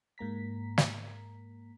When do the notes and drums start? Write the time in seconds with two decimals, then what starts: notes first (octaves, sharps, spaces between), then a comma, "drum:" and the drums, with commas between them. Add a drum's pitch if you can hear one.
0.18 G#2 A#3 A#5 B6
0.78 drum: snare